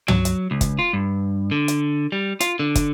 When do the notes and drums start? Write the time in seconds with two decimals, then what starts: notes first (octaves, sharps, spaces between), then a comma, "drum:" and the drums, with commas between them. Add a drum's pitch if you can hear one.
0.08 F#3, drum: tom
0.25 drum: hi-hat
0.51 C#2
0.61 drum: kick, hi-hat
0.79 F4
0.93 G2
1.51 D3
1.68 drum: hi-hat
2.12 G3
2.40 F4, drum: hi-hat
2.59 D3
2.75 drum: kick, hi-hat